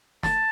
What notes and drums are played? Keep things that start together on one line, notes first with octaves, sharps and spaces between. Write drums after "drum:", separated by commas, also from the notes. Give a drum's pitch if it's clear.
A5, drum: snare